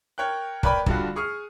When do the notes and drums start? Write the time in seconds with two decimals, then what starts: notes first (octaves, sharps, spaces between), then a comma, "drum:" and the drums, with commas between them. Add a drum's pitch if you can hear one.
0.18 A#4 C#5 G5 F#6
0.63 A#4 B4 C#5 D5 G5 B5, drum: kick
0.86 G2 D3 G3 F4 F#4, drum: kick
1.16 G#4 C#6 D#6 F6